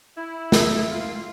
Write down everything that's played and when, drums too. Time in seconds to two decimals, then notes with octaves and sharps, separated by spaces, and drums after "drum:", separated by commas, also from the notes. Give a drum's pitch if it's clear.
0.17 E4
0.52 drum: snare
0.91 F4